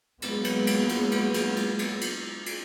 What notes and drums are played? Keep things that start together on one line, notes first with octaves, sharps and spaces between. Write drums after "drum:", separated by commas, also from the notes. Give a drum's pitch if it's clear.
F#3 G#3 A#3 B3, drum: cymbal
drum: cymbal
drum: cymbal
drum: cymbal
drum: cymbal
drum: cymbal
drum: cymbal
drum: cymbal
drum: cymbal
drum: cymbal